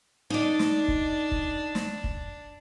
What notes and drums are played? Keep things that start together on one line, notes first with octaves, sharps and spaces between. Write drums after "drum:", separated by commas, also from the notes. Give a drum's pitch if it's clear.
D4 D#4 D5
drum: snare
drum: kick
drum: kick
drum: snare
drum: kick